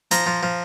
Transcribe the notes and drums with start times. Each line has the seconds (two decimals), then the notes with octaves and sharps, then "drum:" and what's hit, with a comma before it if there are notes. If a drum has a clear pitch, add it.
0.11 F3 A#5, drum: hi-hat
0.27 F3
0.43 F3